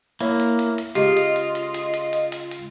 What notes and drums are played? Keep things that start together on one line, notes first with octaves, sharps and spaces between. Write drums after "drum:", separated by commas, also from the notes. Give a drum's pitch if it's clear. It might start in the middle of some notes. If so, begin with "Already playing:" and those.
A#3 E4 C#5 E5, drum: hi-hat
drum: hi-hat
drum: hi-hat
drum: hi-hat
C#3 G#3 F4 G4 D#5, drum: hi-hat
drum: hi-hat
drum: hi-hat
drum: hi-hat
drum: hi-hat
drum: hi-hat
drum: hi-hat
drum: hi-hat
drum: hi-hat